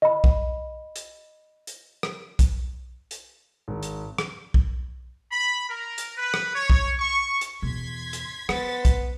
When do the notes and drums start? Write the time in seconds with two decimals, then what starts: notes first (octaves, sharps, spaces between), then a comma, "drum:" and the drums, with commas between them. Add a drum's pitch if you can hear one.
0.02 D#5 B5
0.24 drum: kick B1
0.96 drum: hi-hat
1.67 drum: hi-hat
2.03 drum: rim click
2.39 drum: kick B1, hi-hat
3.11 drum: hi-hat
3.68 G#1
3.83 drum: hi-hat
4.18 drum: rim click
4.54 drum: kick B1
5.32 B5
5.70 A#4
5.98 drum: hi-hat
6.18 B4
6.34 drum: rim click
6.56 C#5
6.70 drum: kick B1
7.00 C#6
7.41 drum: hi-hat
7.62 E2 B2 C6 G#6 B6
8.13 drum: hi-hat
8.49 G#3 B3 C5 A6 B6, drum: rim click
8.85 drum: kick B1, hi-hat